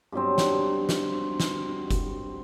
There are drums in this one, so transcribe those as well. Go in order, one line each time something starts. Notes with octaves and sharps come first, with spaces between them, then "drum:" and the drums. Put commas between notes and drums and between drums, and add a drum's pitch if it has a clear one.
G2 B2 F#3 C4
drum: snare
drum: snare
drum: snare
drum: kick F1, hi-hat